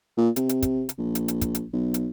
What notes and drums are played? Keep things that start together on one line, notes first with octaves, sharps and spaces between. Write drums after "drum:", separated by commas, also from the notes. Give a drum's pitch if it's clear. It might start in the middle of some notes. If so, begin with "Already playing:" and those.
A#2
C3, drum: hi-hat
drum: hi-hat
drum: kick, hi-hat
drum: hi-hat
A#1
drum: hi-hat
drum: hi-hat
drum: kick, hi-hat
drum: hi-hat
B1
drum: hi-hat